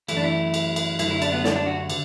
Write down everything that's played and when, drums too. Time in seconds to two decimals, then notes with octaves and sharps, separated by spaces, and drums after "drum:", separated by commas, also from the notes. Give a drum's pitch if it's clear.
0.09 F#2 E3 A3 E4, drum: cymbal
0.17 D4
0.24 E4
0.54 drum: cymbal
0.76 drum: cymbal
0.99 F#2 D3 F#3 A3 E4, drum: cymbal
1.11 E4
1.22 D4, drum: cymbal
1.32 B3
1.44 D4, drum: snare
1.56 D4
1.66 F#4
1.90 D3, drum: cymbal